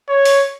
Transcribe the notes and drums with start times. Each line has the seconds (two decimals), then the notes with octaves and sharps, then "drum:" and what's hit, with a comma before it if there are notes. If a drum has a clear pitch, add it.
0.09 C#5
0.25 drum: open hi-hat